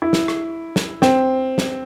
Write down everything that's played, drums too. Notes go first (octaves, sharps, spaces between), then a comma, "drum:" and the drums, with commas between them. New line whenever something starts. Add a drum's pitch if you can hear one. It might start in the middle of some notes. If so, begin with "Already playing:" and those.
E4
drum: snare
drum: rim click
drum: snare
C4, drum: snare
drum: snare